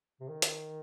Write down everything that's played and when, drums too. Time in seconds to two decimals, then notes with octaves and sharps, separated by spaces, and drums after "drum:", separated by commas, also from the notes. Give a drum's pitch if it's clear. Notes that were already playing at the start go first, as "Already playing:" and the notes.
0.20 C3
0.28 D#3
0.42 drum: hi-hat